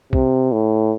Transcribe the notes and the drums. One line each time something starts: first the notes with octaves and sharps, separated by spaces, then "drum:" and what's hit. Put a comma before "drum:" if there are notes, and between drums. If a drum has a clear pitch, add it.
C3, drum: kick B1
A2